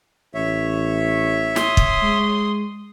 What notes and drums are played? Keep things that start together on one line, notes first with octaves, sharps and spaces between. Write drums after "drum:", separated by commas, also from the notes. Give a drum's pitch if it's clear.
A1 C#5 E5
C6 D#6, drum: snare
drum: kick
G#3